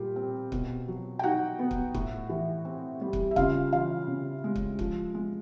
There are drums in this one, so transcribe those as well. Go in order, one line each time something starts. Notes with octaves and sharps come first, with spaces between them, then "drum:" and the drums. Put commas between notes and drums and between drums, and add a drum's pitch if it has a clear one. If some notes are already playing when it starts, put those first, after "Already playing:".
Already playing: A#2 G3 F4 G4
C4
B2, drum: kick
F#3
G5
D#4 F#4 F#5
B3
drum: kick
A2, drum: kick
E3
C4
G3
drum: kick
E5
C#3 F4 F5, drum: kick
E3 F4 F5
C#3
G#3
drum: kick
F3, drum: kick
G#3